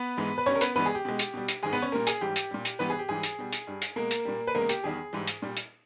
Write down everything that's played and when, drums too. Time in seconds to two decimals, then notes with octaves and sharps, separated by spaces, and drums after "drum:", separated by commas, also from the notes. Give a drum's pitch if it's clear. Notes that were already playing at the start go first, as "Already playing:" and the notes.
Already playing: B3 B4
0.17 G#2 E3 G#3
0.38 B4
0.46 G2 G3 C#4 C#5
0.56 A#4
0.61 B3 B4, drum: hi-hat
0.76 G2 E3 G#3 B3 B4
0.86 G#4
0.95 G4
1.05 B2 G#3
1.19 drum: hi-hat
1.34 B2 G3
1.48 drum: hi-hat
1.63 G#2 D#3 G#3 G#4
1.73 B3 B4
1.82 C#4 C#5
1.92 A#2 G3 A#3 A#4
2.07 G#4, drum: hi-hat
2.21 G#2 E3 G3 G4
2.36 drum: hi-hat
2.51 A#2 G3
2.65 drum: hi-hat
2.79 G#2 E3 G3 B3 B4
2.90 G#4
2.99 G4
3.09 G#2 E3 G3 G#4
3.23 drum: hi-hat
3.39 B2 G3
3.53 drum: hi-hat
3.67 G2 G3
3.82 drum: hi-hat
3.96 B2 G#3 A#3 A#4
4.11 drum: hi-hat
4.25 A#2 G3
4.47 B4
4.55 E2 C#3 G#3 A#3 A#4
4.69 G4, drum: hi-hat
4.84 E2 D#3 G3 G#4
5.13 G#2 E3 G3
5.28 drum: hi-hat
5.42 A#2 G3
5.57 drum: hi-hat